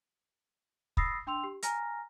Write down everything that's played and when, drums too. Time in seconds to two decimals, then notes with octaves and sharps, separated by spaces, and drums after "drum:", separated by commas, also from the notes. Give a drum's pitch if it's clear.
0.97 B5 D#6 E6 A6 A#6 C7, drum: kick
1.27 D4 G5 C6 E6 F7
1.44 G4
1.63 G#5 A#5 F6 A#6, drum: hi-hat